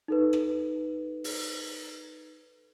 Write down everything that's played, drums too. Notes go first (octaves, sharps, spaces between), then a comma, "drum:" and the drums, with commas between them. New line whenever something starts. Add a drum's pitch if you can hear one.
D#4 A4 B4
drum: rim click
drum: open hi-hat